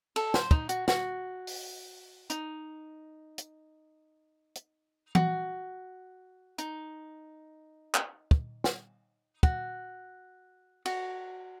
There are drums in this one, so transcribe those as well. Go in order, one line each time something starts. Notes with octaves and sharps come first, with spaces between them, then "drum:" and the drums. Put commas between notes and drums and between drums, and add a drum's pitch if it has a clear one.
A4, drum: cymbal
C5, drum: snare
D#4, drum: kick
F#4, drum: hi-hat
F#4, drum: snare
drum: open hi-hat
D#4, drum: hi-hat
drum: hi-hat
drum: hi-hat
F#4, drum: tom E3
D#4, drum: hi-hat
drum: clap
drum: kick
drum: snare
F#4, drum: kick
F#4, drum: cymbal